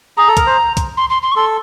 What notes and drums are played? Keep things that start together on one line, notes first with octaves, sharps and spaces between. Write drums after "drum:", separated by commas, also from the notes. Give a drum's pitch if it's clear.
G#4 A#5
A4
A#4, drum: kick, hi-hat
C5
drum: kick, hi-hat
C6
C6
C6
C#6
A4 C6